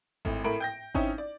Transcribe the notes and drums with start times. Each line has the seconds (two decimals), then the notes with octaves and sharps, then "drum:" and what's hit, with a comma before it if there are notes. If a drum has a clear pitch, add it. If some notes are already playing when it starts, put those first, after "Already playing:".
0.25 G#1 A2, drum: kick G#1
0.44 A2 A#4 B5 D7
0.60 G5 G6 A#6
0.94 C4 C#4 D#4 E4, drum: kick G#1
1.18 D5